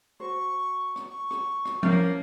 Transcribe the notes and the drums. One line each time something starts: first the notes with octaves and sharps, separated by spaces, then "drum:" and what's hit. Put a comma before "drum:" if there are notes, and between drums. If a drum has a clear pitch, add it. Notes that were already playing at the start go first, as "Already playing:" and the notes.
F#4 C5 C#6
drum: rim click
C#6
drum: rim click
drum: rim click
F3 A#3 C#4 E4, drum: tom F3